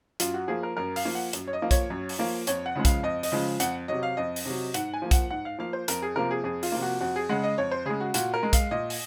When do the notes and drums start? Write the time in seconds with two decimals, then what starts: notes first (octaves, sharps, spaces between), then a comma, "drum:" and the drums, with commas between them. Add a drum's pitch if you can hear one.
0.20 F#2 F4, drum: hi-hat
0.34 F#4
0.48 F3 A#3 G#4
0.63 A#4
0.77 F#2 A#4
0.96 F5, drum: open hi-hat
1.05 F3 A#3
1.15 F#5
1.33 F#2, drum: hi-hat
1.47 C#5
1.53 D#5
1.62 F3 A#3
1.71 C#5, drum: kick B1, hi-hat
1.90 F#2
2.09 drum: open hi-hat
2.19 F3 A#3
2.47 F2 C#5, drum: hi-hat
2.66 F#5
2.76 C#3 F3 G#3
2.85 F5, drum: kick B1, hi-hat
3.03 F2 D#5
3.23 D#5, drum: open hi-hat
3.32 C#3 F3 G#3
3.60 F2 F#5, drum: hi-hat
3.88 C3 F#3 D#5
4.03 F5
4.17 F2 D#5
4.36 drum: open hi-hat
4.45 C3 F#3
4.74 G#2 F#5, drum: hi-hat
4.94 G#5
5.02 F3 A#3
5.11 F#5, drum: kick B1, hi-hat
5.31 G#2 F#5
5.45 F5
5.59 F3 A#3 F5
5.73 C5
5.88 F2 A#4, drum: hi-hat
6.02 G#4
6.15 C3 F3 A#3 A#4
6.31 G#4
6.44 F2 G#4
6.63 F4, drum: open hi-hat
6.72 C3 F3 A#3
6.82 F#4
7.00 F2 F#4
7.16 G#4
7.29 C#3 G#3 F#5
7.43 D#5
7.58 F2 C#5
7.71 C5
7.86 C#3 G#3 G#4
8.01 F#4
8.14 A#2 F#4, drum: hi-hat
8.34 A#4
8.43 G#3
8.53 F5, drum: kick B1, hi-hat
8.71 A#2 D#5
8.90 drum: open hi-hat